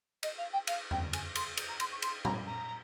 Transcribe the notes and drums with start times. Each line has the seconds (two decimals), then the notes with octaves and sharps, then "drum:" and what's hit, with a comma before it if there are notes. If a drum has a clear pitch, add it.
0.23 D#5, drum: cymbal
0.38 F5
0.53 G5
0.67 F5, drum: cymbal
0.91 G5, drum: tom E2
1.13 G#5, drum: cymbal
1.35 C6, drum: cymbal
1.57 drum: cymbal
1.69 A#5
1.80 C6, drum: cymbal
1.91 C#6
2.02 C6, drum: cymbal
2.25 A#5, drum: tom A#2
2.47 A#5